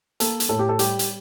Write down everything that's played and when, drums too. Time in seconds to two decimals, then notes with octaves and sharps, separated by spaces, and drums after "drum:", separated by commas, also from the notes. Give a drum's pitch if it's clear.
0.20 A#3 A4, drum: hi-hat
0.40 drum: hi-hat
0.49 A2 A4
0.59 G4
0.69 A4
0.79 G3 G4, drum: hi-hat
0.99 drum: hi-hat